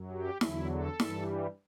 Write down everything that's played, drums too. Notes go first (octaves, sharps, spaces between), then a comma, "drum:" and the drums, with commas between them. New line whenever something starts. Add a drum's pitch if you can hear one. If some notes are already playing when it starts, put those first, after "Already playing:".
Already playing: F#2 F#3
G4
E2 D3 F#3 E4, drum: snare
A4
G2 E3 G3, drum: snare